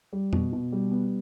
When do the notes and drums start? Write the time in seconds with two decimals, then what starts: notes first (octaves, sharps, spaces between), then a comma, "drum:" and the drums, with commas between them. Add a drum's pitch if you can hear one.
0.13 G3
0.33 B2, drum: tom F2
0.53 B2
0.72 G3
0.92 B3